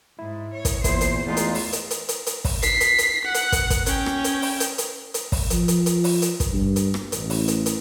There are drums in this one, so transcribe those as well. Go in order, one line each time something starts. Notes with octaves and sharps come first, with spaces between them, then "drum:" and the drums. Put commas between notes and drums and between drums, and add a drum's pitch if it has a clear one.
G#2 E4
C#5
drum: kick, hi-hat
E2 A#2 E4 C5, drum: kick, hi-hat
drum: hi-hat
E2 G#3 A3 D#4 F4
drum: hi-hat
drum: open hi-hat
drum: hi-hat
drum: hi-hat
drum: hi-hat
drum: hi-hat
drum: kick, open hi-hat
B6 C7, drum: hi-hat
drum: hi-hat
drum: hi-hat
F#5 F#6
drum: hi-hat
drum: kick, hi-hat
drum: kick, hi-hat
C#4 G5, drum: hi-hat
drum: rim click
drum: hi-hat
drum: open hi-hat
drum: hi-hat
drum: hi-hat
drum: hi-hat
drum: kick, open hi-hat
F3, drum: hi-hat
drum: hi-hat
drum: hi-hat
drum: open hi-hat
drum: hi-hat
drum: kick, hi-hat
G2
drum: hi-hat
drum: rim click
A1, drum: hi-hat
drum: open hi-hat
drum: hi-hat
drum: hi-hat